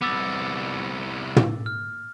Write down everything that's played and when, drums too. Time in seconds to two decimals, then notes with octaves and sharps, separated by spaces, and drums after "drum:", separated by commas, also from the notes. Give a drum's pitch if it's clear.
0.02 C2 B3 D6 E6 A6
1.36 drum: tom
1.66 F6